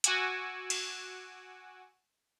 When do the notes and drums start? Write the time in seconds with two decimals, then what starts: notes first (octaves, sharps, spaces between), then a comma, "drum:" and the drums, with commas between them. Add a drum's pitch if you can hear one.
0.04 F#4 F#5 G#5 D6 E6, drum: hi-hat
0.70 drum: cymbal